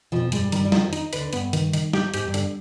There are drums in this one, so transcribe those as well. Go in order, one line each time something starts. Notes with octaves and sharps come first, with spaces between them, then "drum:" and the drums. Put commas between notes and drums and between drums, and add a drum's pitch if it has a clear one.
F2 B2 F3
G2 G3 G#3, drum: hi-hat
G2 D#3 G3, drum: hi-hat
G3
F2 D#3 F3, drum: snare
D#4, drum: hi-hat
D2 D3 B4, drum: hi-hat
G2 B3, drum: hi-hat
D#3, drum: hi-hat
D#3, drum: hi-hat
G#2 G4, drum: snare
G#2 G4, drum: hi-hat
G2
D3, drum: hi-hat